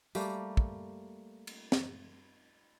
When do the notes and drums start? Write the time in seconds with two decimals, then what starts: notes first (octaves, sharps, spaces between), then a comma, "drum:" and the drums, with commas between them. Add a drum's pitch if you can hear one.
0.15 G3 A3 A#3, drum: tambourine
0.57 drum: kick
1.47 drum: cymbal
1.72 drum: snare